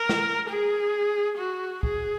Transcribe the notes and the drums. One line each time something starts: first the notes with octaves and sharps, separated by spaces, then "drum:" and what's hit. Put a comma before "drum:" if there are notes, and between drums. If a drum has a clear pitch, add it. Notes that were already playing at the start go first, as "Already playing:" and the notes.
Already playing: A#4
drum: snare
G#4
F#4
G#4, drum: kick